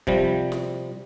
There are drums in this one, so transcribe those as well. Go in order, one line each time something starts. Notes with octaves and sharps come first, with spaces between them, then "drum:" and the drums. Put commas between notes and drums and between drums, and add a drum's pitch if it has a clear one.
C3 F3 G3, drum: kick
drum: snare